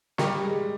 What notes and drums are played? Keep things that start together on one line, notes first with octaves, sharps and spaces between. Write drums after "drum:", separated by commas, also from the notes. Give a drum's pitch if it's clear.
G3 G4 A#4 D#5 A#5 C#6, drum: snare
G#3